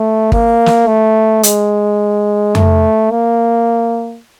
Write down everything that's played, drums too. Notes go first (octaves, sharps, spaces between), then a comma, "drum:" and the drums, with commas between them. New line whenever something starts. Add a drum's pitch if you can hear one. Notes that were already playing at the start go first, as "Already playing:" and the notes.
Already playing: A3
A#3, drum: kick
drum: snare
A3
G#3, drum: hi-hat
A3, drum: tom F2
A#3